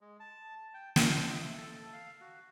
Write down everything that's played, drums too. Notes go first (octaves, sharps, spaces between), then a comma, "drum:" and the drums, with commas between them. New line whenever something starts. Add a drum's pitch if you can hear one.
G#3
A5
G5
F5, drum: snare
C5
D#5
E5
A4
F5
F#4